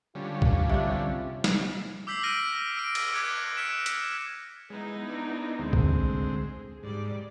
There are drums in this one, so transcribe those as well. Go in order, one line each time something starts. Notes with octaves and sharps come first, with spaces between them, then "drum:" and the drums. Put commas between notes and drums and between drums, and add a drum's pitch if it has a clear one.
D3 G3 C#4 F4
drum: kick A#1
C3 D4
drum: snare
D6 E6 G6 B6 C7 F#7
E6 F6 A#6 D7 D#7
E6 D7
drum: cymbal
D6 F#6 G#6 A#6 C#7 D7
F6 B6 C#7 E7
B6, drum: hi-hat
G#3 B3 D#4 E4
D4
D2 G#3 C4
drum: kick A#1
G#4
G#2 G3 D5